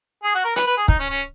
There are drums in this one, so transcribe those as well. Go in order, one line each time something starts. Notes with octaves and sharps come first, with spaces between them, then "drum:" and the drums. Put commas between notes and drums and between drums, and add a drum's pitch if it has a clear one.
G#4
F#4
A#4
B4, drum: hi-hat
B4
G#4
D#4, drum: kick
C#4
C#4